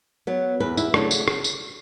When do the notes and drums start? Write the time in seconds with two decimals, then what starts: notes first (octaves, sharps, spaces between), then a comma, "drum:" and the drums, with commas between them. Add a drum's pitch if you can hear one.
0.27 F#3 B3
0.60 E2 B4
0.77 E4, drum: tambourine
0.94 C#3 F#3 A3 D4, drum: rim click
1.11 drum: tambourine
1.28 drum: rim click
1.44 drum: tambourine